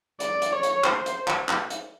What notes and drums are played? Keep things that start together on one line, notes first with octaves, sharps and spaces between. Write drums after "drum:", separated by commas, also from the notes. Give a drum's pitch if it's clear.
D5, drum: hi-hat
drum: hi-hat
C#5
drum: hi-hat
C5, drum: clap
drum: hi-hat
drum: clap
drum: clap
drum: hi-hat